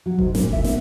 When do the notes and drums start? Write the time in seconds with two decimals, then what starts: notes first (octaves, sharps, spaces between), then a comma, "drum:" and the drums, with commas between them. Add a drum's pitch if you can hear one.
0.06 F#3
0.19 G#2, drum: kick F#1
0.35 A#2, drum: snare
0.53 E5, drum: kick F#1
0.64 B3, drum: snare